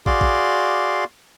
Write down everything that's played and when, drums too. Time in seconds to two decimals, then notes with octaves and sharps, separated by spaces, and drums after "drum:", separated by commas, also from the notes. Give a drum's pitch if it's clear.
0.06 F#4 G#4 D5 F5 C6 D6, drum: kick
0.21 drum: kick